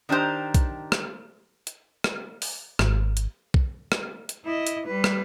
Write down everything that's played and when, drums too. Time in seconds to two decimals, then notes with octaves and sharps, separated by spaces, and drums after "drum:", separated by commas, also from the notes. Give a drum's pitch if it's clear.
0.09 D#3 D4 G4 C5 A#5
0.54 drum: kick B1, hi-hat
0.92 drum: rim click
1.67 drum: hi-hat
2.04 drum: rim click
2.42 drum: open hi-hat
2.79 G#1, drum: rim click
3.17 drum: hi-hat
3.54 drum: kick B1
3.92 drum: rim click
4.29 drum: hi-hat
4.45 E4 D#5
4.67 drum: hi-hat
4.87 G3 B4
5.04 drum: rim click